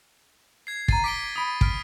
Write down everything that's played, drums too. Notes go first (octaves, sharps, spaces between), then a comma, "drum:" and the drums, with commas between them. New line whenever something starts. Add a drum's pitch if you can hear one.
G#6 C7
A#5 A6 C7 D#7, drum: kick
D6 B6 D7 G7
B5 D#6 B6 D7
F6 D7, drum: kick